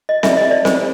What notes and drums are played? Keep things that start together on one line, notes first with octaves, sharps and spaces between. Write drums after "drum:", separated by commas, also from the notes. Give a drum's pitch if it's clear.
D#5
E5, drum: snare C4
D5
D#5
D5
C5, drum: snare C4